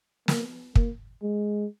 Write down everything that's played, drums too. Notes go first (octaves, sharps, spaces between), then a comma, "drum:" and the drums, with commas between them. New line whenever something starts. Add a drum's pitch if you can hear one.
A#3, drum: snare
A#3, drum: kick
G#3